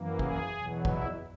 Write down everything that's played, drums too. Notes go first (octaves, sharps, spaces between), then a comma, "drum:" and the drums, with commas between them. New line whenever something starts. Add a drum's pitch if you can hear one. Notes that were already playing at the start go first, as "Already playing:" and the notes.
Already playing: F#2 E3 A#3
G#4, drum: kick
E2 B2 F#3
E4, drum: kick